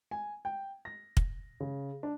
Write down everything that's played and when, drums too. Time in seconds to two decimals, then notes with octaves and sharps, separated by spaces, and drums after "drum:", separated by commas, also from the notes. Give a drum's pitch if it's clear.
0.11 G#5
0.45 G5
0.85 A#6
1.17 drum: kick
1.60 C#3
2.03 D4